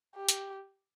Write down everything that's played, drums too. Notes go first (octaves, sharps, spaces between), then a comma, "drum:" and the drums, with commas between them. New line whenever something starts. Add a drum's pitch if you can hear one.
G4
drum: hi-hat